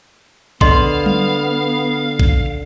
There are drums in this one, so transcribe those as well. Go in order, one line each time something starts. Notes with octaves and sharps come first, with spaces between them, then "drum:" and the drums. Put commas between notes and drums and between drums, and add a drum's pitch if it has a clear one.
D3 B3 D#5 F5 C6, drum: kick A#1
drum: tom F#3
drum: kick A#1